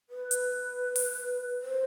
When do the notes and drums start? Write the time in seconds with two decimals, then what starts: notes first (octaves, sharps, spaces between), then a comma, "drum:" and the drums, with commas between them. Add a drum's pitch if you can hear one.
0.10 B4
0.31 drum: hi-hat
0.96 drum: open hi-hat
1.62 C5